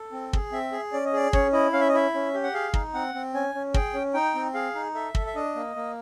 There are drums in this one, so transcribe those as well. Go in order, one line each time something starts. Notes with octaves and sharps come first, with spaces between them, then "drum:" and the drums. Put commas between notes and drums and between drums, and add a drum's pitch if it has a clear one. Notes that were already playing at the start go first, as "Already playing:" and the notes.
Already playing: A4
C4
G#4, drum: kick
C4 E5
G#4
C#4 D5
D#5
G#4 D5
C#4 C#5, drum: kick
E4 D#5
C#4 F5
E5
D#5
E4 E5
C#4
G4
F#5
G#4 F5
D#4, drum: kick
C4 F#5
C4
C#4 G#5
C#4
G#4 G5, drum: kick
C#4
D#4 G5
C4
G#4 F5
D#4
A4 E5
A4, drum: kick
E5
D4 D#5
A#3
A#3